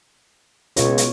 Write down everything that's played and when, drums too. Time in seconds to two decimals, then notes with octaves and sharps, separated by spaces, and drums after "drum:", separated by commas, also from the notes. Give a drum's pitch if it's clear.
0.76 C#2 B2 F4 C#5, drum: hi-hat
0.98 drum: hi-hat